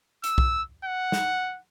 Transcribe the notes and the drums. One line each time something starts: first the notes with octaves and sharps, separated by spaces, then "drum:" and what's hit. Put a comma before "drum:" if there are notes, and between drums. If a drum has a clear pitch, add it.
E6, drum: hi-hat
drum: kick B1
F#5
drum: snare